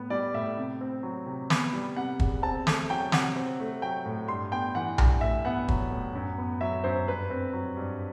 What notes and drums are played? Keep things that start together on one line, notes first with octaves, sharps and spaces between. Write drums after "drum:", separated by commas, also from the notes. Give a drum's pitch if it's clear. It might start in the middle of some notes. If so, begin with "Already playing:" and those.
Already playing: A2 B3
G3 D5
A2 E5
C3
C4
F#3
C3
B3, drum: snare
G3
C3 F#5
E2, drum: kick
C4 A5
A3, drum: snare
F#3 G5
C3 F#5, drum: snare
C4
A3
F#3 G5
A2
G2 C6
B3 G5
E3 F#5
G2, drum: tom B1
A2 E5
B3 F#5
F#3, drum: kick
A2
F#2
B3
F#3 E5
F#2 C5
G2 B4
C4
F#3
G2